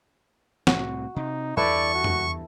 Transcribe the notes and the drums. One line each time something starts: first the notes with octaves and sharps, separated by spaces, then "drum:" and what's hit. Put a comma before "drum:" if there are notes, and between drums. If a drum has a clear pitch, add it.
C2 A2 C4 F#4, drum: snare
C3 D#4
E2 G2 E4 A4 B4 D5 C#6
F#4
drum: tom F2